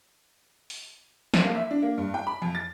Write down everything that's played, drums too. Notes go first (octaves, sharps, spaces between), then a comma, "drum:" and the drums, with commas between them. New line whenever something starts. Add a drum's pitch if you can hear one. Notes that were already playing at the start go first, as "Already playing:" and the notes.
drum: open hi-hat
drum: snare
A#3
E5
D4
A#3
G2
G5
B5
F2
A6